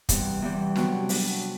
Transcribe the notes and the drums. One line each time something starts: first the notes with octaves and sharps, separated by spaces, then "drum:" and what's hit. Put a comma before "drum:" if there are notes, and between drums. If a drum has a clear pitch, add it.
E2 C3 E3 G3, drum: kick, hi-hat
E2 C3 E3 G3
C3 F#3 B3 D4 F#4, drum: snare
C3 F#3 B3 D4 F#4, drum: open hi-hat